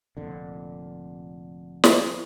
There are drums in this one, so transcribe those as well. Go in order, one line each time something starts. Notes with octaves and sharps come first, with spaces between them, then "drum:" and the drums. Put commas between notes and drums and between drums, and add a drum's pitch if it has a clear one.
F1 F2 A#2 D3
drum: snare